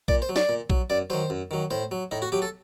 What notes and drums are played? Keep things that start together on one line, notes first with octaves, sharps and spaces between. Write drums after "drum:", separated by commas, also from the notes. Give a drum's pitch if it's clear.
A#2 D5, drum: kick A#1
C5
F#3
D5, drum: snare
A#2
F#3, drum: kick A#1
F#2 D5
D#3 F#3 C5
F#2
D#3 F#3
A2 C5
F#3
A2 D#4
F#4
F#3 G4
A4